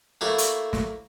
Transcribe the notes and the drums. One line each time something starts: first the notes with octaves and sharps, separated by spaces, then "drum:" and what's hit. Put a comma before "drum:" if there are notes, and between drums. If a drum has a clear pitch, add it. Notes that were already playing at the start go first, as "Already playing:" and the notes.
A3 A#3 E4 F#4 C#5
drum: hi-hat
drum: snare